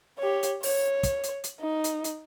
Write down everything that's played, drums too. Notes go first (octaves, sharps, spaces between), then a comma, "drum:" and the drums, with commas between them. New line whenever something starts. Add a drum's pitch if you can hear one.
G4 C#5
drum: hi-hat
C#5, drum: open hi-hat
drum: kick, hi-hat
drum: hi-hat
drum: hi-hat
D#4
drum: hi-hat
drum: hi-hat